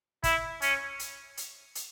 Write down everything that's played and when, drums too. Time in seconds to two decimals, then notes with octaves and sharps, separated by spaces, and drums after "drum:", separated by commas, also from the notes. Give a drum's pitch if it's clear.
0.24 E4, drum: kick, hi-hat
0.62 C#4, drum: hi-hat
0.99 drum: hi-hat
1.37 drum: hi-hat
1.75 drum: hi-hat